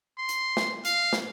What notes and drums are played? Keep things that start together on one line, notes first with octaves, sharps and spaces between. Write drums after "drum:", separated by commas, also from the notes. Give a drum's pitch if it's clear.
C6
drum: hi-hat
drum: snare
F5, drum: hi-hat
drum: snare